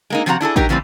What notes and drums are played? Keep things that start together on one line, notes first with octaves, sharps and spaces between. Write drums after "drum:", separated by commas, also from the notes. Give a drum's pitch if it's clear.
G#3 A#3 D#4
C3 F3 C4 F#4 F#5 A#5
D4 E4 G#4 A4
F#3 D#4 G4 A#4, drum: kick A1
C#3 E3 G3 A3 C4